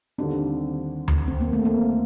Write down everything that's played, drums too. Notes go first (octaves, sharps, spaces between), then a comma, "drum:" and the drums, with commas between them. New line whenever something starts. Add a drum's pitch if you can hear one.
D#2 D3 G3 C4 D4
drum: tom D2
C4
A#3
A3
A#3